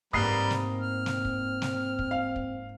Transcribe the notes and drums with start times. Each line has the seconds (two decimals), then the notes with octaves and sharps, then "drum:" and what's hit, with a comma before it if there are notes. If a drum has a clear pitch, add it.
0.13 G#2 G3 A#3 C4 B4 A#5 D#6 C7, drum: kick
0.50 drum: snare
0.80 F6
1.06 drum: snare
1.25 drum: kick
1.62 drum: snare
1.99 drum: kick
2.11 F5
2.36 drum: kick